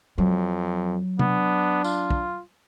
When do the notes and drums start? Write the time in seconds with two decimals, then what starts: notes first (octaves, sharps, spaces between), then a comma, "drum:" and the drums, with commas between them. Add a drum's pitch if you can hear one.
0.18 F2 F#3
1.19 B3 D4, drum: tom C3
1.84 F4, drum: tambourine
2.10 drum: kick